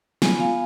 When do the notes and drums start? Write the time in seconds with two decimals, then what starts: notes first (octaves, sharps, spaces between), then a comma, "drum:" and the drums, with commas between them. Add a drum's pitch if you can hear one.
0.22 B3 F4 G#5, drum: snare
0.40 F5